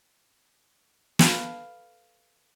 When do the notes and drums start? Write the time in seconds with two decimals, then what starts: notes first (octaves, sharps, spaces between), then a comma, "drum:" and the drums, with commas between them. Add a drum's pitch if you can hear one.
1.19 A4 B4 F5, drum: snare